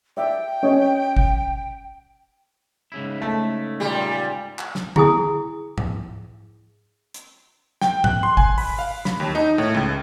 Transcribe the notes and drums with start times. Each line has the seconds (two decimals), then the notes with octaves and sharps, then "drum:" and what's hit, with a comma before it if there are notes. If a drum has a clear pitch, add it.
0.17 D5 E5 G5
0.63 C#4 C#5 D#5
1.16 drum: kick
2.92 G#2 C#3 E4
3.22 A3
3.80 A#2 G3
4.59 drum: clap
4.75 drum: snare
4.96 E4 G#4 G#5 D#6, drum: tom
5.78 drum: tom G#2
7.14 drum: hi-hat
7.82 G5, drum: snare
8.04 F#6, drum: tom G#2
8.23 C6
8.37 G#5, drum: kick
8.58 B5, drum: open hi-hat
8.79 F5
9.05 B5, drum: snare
9.20 D#2
9.35 D#4
9.58 A2
9.74 C#2